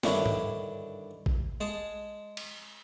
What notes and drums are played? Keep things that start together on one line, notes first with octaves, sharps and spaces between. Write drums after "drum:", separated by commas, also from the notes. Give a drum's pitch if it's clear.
G2 D3 D#3 D4 E4 C#5, drum: snare
drum: tom G#2
drum: kick A1
G#3 G#4 A5
drum: cymbal